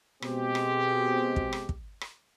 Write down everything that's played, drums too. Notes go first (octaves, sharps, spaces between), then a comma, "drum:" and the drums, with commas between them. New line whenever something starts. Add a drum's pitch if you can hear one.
B2 G#3 C4 G4, drum: rim click
drum: rim click
drum: kick
drum: rim click
drum: kick
drum: rim click